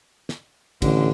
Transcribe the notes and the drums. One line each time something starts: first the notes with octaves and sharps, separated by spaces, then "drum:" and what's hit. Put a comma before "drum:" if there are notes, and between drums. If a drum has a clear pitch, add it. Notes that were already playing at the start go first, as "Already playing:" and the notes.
drum: snare
A1 D3, drum: kick, cymbal